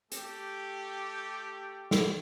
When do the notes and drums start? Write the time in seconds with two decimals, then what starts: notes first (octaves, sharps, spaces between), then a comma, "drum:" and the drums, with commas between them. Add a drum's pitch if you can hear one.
0.12 A3 G4, drum: hi-hat
1.91 drum: snare